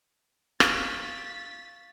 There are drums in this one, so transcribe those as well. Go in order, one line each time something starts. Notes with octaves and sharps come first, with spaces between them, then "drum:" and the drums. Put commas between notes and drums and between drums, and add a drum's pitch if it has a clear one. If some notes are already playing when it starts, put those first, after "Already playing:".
F5 C#6 A6 B6, drum: rim click